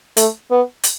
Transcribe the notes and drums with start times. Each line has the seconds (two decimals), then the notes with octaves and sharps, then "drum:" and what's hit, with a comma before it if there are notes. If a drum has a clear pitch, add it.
0.17 A3, drum: hi-hat
0.51 B3
0.83 drum: hi-hat